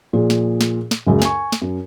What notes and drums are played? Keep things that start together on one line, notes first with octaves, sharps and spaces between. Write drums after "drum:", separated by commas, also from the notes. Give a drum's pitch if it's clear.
A#2 F3 G#4
drum: snare
drum: snare
drum: snare
C#2 F#2 C#3 G#3
G#5 C#6, drum: snare
drum: snare
F#2